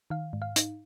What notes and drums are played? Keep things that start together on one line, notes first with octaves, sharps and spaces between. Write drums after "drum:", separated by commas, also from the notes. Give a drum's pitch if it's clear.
D#3 F5
G#2
F5
D#4, drum: hi-hat